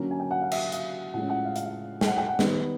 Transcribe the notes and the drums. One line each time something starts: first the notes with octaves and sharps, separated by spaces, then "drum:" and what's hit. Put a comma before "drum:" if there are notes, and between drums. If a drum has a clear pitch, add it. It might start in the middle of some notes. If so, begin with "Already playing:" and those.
Already playing: D3 F#3 A#3 C#4
G#5
G5
F#5
F5
E5, drum: cymbal
E5
F5, drum: hi-hat
A2 F3 G#3 C#4 F#5
F#5
F5
F5, drum: hi-hat
F5
G5, drum: snare
F#5
G5
F#5
D#3 G3 B3, drum: snare